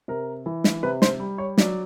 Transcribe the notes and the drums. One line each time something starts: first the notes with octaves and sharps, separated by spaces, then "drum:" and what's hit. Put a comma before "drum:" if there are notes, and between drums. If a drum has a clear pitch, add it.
C3 A#4
E3
drum: snare
C3 B4
C5, drum: snare
G3
C#5
F#3 D5, drum: snare